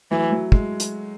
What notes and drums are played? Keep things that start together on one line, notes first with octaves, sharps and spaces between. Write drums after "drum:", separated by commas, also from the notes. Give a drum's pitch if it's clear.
E3 F#3 A3
F#3
G#3, drum: kick
drum: hi-hat